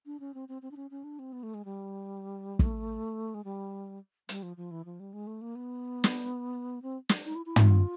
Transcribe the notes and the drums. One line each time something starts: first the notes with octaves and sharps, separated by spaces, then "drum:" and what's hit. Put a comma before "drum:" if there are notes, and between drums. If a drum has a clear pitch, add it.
D4
C#4
C4
C4
C4
D4
C#4
C#4
D4
C4
B3
A3
G#3
G3
A3, drum: kick
G#3
G3
G3, drum: hi-hat
F3
F3
E3
F3
G3
G#3
A3
A#3
B3
drum: snare
C4
drum: snare
D#4
E4
E4
F4, drum: tom